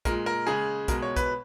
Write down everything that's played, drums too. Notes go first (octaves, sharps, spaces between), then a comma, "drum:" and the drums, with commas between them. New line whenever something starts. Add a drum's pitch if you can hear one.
A#2 G#3 A#4, drum: kick, hi-hat
A#4
C#3 G#3 G#4
B2 G#3 A#4, drum: kick, hi-hat
C#5
B4, drum: kick, hi-hat